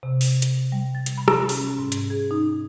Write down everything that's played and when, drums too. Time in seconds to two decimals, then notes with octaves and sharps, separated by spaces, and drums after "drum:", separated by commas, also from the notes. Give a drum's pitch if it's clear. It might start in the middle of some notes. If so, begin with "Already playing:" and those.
0.03 C3
0.21 drum: open hi-hat
0.42 drum: hi-hat
0.72 G3
0.95 A6
1.06 drum: hi-hat
1.18 B5
1.28 drum: rim click
1.49 C#4, drum: open hi-hat
1.78 G#2
1.92 drum: hi-hat
2.10 G#4
2.31 D#4